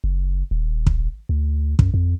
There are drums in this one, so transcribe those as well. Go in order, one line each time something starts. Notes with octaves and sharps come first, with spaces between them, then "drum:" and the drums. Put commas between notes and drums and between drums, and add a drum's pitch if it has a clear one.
F#1
D#1
drum: kick
D2
F#2, drum: kick
F2